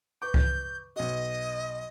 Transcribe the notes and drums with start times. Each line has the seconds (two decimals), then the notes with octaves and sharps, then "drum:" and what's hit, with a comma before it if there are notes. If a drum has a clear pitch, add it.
0.22 B4 C#6 D6 G6
0.34 drum: kick C#2
0.96 B1 F#4 D#5